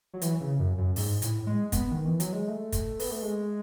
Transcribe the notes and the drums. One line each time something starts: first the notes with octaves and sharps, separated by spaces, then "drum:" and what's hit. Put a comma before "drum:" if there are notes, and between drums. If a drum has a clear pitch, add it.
F#3
E3, drum: hi-hat
C#3
F#2
F#2
G#2, drum: open hi-hat
A2, drum: hi-hat
G#3
B3, drum: kick, hi-hat
D#3
E3
F#3, drum: hi-hat
G#3
A3
drum: kick, hi-hat
B3, drum: open hi-hat
A3
G#3